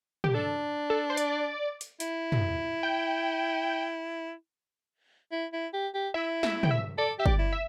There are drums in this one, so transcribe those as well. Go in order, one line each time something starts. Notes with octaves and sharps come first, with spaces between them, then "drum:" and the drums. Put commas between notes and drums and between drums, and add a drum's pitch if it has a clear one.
G4, drum: tom
D4 A4
A4
C5
D5, drum: hi-hat
drum: hi-hat
E4, drum: hi-hat
drum: tom
G5
E4
E4
G4
G4
E4 E5
E5, drum: snare
G5, drum: tom
E5
A4 D5
G4 E5
D5, drum: kick
E4
E5